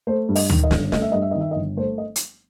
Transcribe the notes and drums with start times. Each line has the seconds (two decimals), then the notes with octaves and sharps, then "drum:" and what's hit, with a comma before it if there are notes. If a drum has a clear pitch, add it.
0.07 A3 C5
0.29 G2
0.35 D#5, drum: open hi-hat
0.50 D#3, drum: tom D2
0.64 D#5
0.71 G1, drum: snare
0.92 A3 D#5, drum: snare
1.02 E5
1.12 G2 D#5
1.22 E5
1.31 D#3 D#5
1.41 E5
1.51 D#5
1.56 G1
1.77 A3 C5
1.98 D#5
2.16 drum: hi-hat